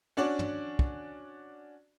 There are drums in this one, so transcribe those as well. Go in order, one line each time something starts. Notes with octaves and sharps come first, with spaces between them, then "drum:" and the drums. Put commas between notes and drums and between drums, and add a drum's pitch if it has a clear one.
C#4 D4 F#4 D5
drum: tom
drum: kick